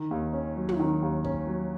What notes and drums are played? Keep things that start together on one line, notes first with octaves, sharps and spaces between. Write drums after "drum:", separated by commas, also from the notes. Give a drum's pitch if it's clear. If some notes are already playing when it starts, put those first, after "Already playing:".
Already playing: D#3
D#2
C#4
F#3
drum: tom
D#3
D#2
C#4, drum: kick
F#3